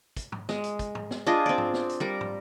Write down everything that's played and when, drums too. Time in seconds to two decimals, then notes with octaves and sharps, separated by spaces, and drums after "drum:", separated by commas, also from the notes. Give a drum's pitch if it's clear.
0.17 drum: kick, hi-hat
0.32 drum: tom
0.49 G#3, drum: snare
0.64 drum: hi-hat
0.79 drum: kick, hi-hat
0.95 drum: tom
1.11 drum: snare
1.27 D4 F4 G#4 D#5
1.46 C4 D5
1.58 drum: tom
1.74 drum: snare
1.89 drum: hi-hat
2.00 G3 A#4
2.21 drum: tom